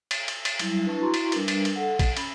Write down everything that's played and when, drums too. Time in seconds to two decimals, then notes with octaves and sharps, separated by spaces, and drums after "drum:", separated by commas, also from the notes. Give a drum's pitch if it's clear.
0.11 drum: cymbal
0.28 drum: cymbal
0.45 drum: cymbal
0.59 F#3 G3 E4, drum: cymbal
0.85 D4 E4 B4 A5 C#6
1.01 E4 F#4 A#5 C6 C#6
1.14 drum: cymbal
1.32 G3 D4 A#4 B4, drum: cymbal
1.48 drum: cymbal
1.65 drum: cymbal
1.76 A4 F#5
1.99 drum: kick A#1, cymbal
2.17 C#4 B5, drum: cymbal